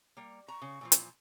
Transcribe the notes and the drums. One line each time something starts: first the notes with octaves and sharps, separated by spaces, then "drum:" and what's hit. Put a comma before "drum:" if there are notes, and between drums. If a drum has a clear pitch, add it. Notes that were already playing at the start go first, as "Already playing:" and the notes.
G3 A#3
A#5 C#6
C#3
A#2 E3 F3
drum: hi-hat